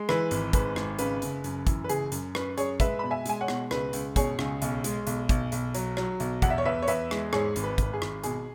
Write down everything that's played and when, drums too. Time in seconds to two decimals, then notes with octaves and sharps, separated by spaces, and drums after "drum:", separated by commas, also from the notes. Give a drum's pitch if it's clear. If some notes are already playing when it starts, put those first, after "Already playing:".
Already playing: G#3
0.09 E3 B4, drum: rim click
0.31 G#1, drum: hi-hat
0.53 G#2 B4, drum: kick, hi-hat
0.76 G#1, drum: rim click
0.99 C#3 B4, drum: hi-hat
1.22 F#1, drum: hi-hat
1.44 F#2, drum: hi-hat
1.67 E3, drum: kick, hi-hat
1.84 B4
1.89 F#1 G#4, drum: hi-hat
2.12 F#2, drum: hi-hat
2.35 F#2 B4, drum: rim click
2.58 F#2 G#4 C#5, drum: hi-hat
2.80 G#3 B4 E5, drum: kick, hi-hat
2.99 B2 B5
3.11 E5 G#5
3.26 G#3 G#5, drum: hi-hat
3.41 C#5 F#5
3.48 B2, drum: rim click
3.71 C#2 B4, drum: rim click
3.93 C#2, drum: hi-hat
4.16 B2 G#4 C#5, drum: kick, hi-hat
4.39 C#2, drum: rim click
4.62 B1, drum: hi-hat
4.84 G#3, drum: hi-hat
5.07 B1, drum: hi-hat
5.29 B1, drum: kick, hi-hat
5.52 B1, drum: hi-hat
5.75 F#3, drum: hi-hat
5.97 F#3, drum: rim click
6.20 B1, drum: hi-hat
6.42 E2 F#5, drum: kick, hi-hat
6.50 E5
6.58 C#5
6.65 E2 B4 E5
6.82 C#5
6.88 E2 B4 E5, drum: hi-hat
7.11 G#3, drum: rim click
7.33 G#2 G#4 C#5, drum: rim click
7.56 G#1, drum: hi-hat
7.63 B4
7.78 G#1 B4, drum: kick, hi-hat
7.93 G#4
8.02 G#1, drum: rim click
8.24 B2 G#4, drum: hi-hat